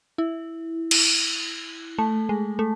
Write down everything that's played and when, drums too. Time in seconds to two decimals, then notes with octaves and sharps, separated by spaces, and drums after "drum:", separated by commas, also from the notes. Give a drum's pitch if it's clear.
0.18 E4
0.91 drum: cymbal
1.98 A3
2.29 G#3
2.59 A3